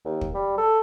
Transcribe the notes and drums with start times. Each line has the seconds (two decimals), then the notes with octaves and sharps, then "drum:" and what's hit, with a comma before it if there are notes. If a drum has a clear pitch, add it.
0.05 D#2
0.21 drum: kick
0.34 G3
0.58 A4